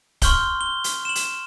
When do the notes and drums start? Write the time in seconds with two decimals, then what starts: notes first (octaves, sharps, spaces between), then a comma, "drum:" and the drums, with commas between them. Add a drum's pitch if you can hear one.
0.22 C6 C#6 F6 G6 F#7 G7, drum: kick, hi-hat
0.61 G7
0.84 drum: hi-hat
1.05 E7 F#7
1.15 drum: hi-hat